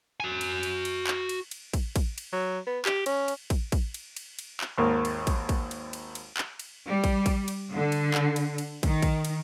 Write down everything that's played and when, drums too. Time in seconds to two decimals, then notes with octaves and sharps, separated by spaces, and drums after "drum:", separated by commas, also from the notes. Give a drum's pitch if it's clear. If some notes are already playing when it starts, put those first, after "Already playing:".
0.20 F#4 G#5
0.41 drum: cymbal
0.63 drum: cymbal
0.85 drum: cymbal
1.07 drum: clap
1.29 drum: cymbal
1.51 drum: cymbal
1.73 drum: kick, cymbal
1.96 drum: kick, cymbal
2.18 drum: cymbal
2.33 F#3
2.67 B3
2.85 G4, drum: clap
3.06 C#4, drum: cymbal
3.28 drum: cymbal
3.50 drum: kick, cymbal
3.72 drum: kick, cymbal
3.94 drum: cymbal
4.16 drum: cymbal
4.39 drum: cymbal
4.61 drum: clap
4.78 G#1 D#2 A#3 A#4
5.05 drum: cymbal
5.27 drum: kick, cymbal
5.49 drum: kick, cymbal
5.71 drum: cymbal
5.93 drum: cymbal
6.15 drum: cymbal
6.37 drum: clap
6.59 drum: cymbal
6.86 G3
7.04 drum: kick, cymbal
7.26 drum: kick, cymbal
7.48 drum: cymbal
7.74 D3
7.92 drum: cymbal
8.14 drum: clap
8.36 drum: cymbal
8.58 drum: cymbal
8.83 D#3, drum: kick, cymbal
9.02 drum: kick, cymbal
9.25 drum: cymbal